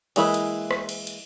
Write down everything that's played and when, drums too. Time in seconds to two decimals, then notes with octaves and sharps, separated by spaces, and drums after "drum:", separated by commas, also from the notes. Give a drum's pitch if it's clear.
0.16 E3 G#3 A#3 E4 B5, drum: cymbal
0.34 drum: cymbal
0.71 drum: rim click
0.89 drum: cymbal
1.07 drum: cymbal